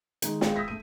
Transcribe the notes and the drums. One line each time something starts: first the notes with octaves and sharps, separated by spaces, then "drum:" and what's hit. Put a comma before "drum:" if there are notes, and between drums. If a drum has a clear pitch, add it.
D#3 G#3 D#4, drum: hi-hat
G#3 F5 G5, drum: snare
D#6 E6 G6 G#6 A#6 B6
A3 D#7